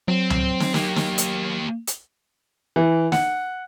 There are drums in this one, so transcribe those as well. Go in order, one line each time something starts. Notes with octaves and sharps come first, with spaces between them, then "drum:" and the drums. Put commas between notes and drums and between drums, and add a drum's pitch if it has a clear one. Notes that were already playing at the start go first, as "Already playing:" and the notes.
F#3 C4
drum: tom C#2
drum: snare
A#3 G4, drum: snare
drum: snare
drum: hi-hat
drum: hi-hat
E3
F#5, drum: snare